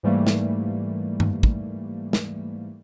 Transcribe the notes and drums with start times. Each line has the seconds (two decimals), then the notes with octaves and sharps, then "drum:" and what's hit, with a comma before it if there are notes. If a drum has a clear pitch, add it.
0.03 G#2 E3 G3 A3 A#3
0.27 drum: snare
1.20 drum: tom G2
1.43 drum: kick
2.13 drum: snare